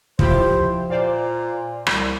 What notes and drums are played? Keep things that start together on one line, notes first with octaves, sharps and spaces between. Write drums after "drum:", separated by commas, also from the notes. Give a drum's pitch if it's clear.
F3 E4 G4 C5, drum: kick
A#2 C5 D5 F5
C2, drum: rim click